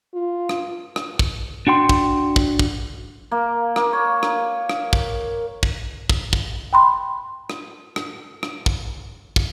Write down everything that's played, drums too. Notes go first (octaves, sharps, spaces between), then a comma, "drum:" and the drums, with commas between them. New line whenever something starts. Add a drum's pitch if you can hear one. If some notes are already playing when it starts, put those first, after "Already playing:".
F4
drum: rim click
drum: rim click
drum: kick
D4 F#4 G5 C6
drum: kick
drum: kick
drum: kick
A#3
A#3, drum: rim click
C#5
drum: rim click
drum: rim click
drum: kick
drum: kick
drum: kick
drum: kick
G5 B5 C6
drum: rim click
drum: rim click
drum: rim click
drum: kick
drum: kick